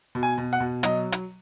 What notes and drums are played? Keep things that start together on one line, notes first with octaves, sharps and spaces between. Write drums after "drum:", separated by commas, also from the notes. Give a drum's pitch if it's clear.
B2
G#5
B2
F#5
B2
F#3 D#5, drum: hi-hat
drum: hi-hat